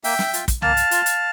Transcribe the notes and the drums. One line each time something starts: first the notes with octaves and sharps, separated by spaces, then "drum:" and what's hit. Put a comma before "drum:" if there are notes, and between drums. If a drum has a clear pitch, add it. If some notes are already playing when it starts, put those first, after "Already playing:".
A#3 E5 G5, drum: open hi-hat
drum: snare
F4, drum: hi-hat
drum: kick, hi-hat
A#3 F5 A5, drum: tom C2
drum: hi-hat
F4, drum: hi-hat
drum: hi-hat